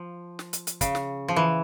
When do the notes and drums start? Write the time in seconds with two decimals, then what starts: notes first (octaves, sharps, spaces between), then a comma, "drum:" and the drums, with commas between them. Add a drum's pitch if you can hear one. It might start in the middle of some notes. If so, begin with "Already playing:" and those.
Already playing: F3
0.39 drum: snare
0.53 drum: hi-hat
0.67 drum: hi-hat
0.81 C#3, drum: kick, hi-hat
0.95 drum: snare
1.28 F3
1.36 E3